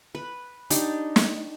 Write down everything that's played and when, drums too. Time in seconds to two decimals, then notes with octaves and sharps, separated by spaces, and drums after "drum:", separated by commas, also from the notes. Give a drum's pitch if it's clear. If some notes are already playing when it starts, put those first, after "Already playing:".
0.15 B4
0.70 D4 D#4 G4, drum: hi-hat
1.16 drum: snare